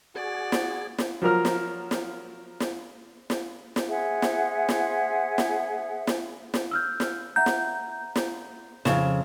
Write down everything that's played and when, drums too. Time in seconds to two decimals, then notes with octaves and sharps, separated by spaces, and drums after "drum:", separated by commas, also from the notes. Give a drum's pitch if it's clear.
0.15 F#4 G#4 D5
0.52 drum: snare
0.98 drum: snare
1.22 F3 F#3 A#4 F6
1.45 drum: snare
1.91 drum: snare
2.60 drum: snare
3.30 drum: snare
3.76 drum: snare
3.88 G#4 C5 E5 F#5
4.22 drum: snare
4.69 drum: snare
5.38 drum: snare
6.07 drum: snare
6.54 drum: snare
6.71 E6 F6 G6
7.00 drum: snare
7.36 E5 F#5 A#5 G6
7.46 drum: snare
8.16 drum: snare
8.85 F2 C#3 E7, drum: snare